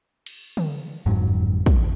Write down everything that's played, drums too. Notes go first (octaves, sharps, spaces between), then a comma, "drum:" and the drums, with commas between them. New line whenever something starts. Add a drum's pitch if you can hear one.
drum: cymbal
drum: tom
G1 F2 G#2 F#3
drum: kick